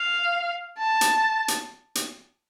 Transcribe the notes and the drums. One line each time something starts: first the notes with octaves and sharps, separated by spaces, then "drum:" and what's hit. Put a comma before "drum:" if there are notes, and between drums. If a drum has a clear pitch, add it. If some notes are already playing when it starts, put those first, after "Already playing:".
Already playing: F5
A5
drum: hi-hat
drum: hi-hat
drum: hi-hat